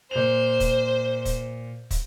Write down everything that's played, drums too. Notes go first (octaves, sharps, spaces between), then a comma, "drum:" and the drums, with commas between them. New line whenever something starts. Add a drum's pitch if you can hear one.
A#2 C5 G6 F7
drum: kick, hi-hat
drum: kick, hi-hat
drum: kick, hi-hat